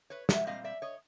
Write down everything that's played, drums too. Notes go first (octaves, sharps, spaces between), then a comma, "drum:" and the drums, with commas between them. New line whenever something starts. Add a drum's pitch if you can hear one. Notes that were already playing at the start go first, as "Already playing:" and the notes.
B4 C#5
E5 F#5, drum: snare
A#2 G3 C4 D#5 F5
D5 E5
C#5 D#5